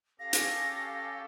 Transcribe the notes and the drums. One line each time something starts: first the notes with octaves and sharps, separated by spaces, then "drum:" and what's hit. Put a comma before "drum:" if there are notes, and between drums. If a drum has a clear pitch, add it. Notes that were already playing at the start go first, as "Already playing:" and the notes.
C#4 G4 A4 F5 A#6
drum: hi-hat